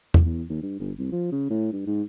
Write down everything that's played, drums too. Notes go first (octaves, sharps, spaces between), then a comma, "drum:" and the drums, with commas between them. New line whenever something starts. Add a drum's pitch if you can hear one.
C#2, drum: tom E2
E2
D#2
G2
G1
C2
F3
C#3
A2
G2
G#2